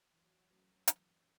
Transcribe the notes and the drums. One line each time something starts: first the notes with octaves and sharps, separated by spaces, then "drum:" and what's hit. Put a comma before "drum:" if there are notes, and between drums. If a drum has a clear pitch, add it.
E3 F#3
A3 C#4 F#4 B4
E3, drum: hi-hat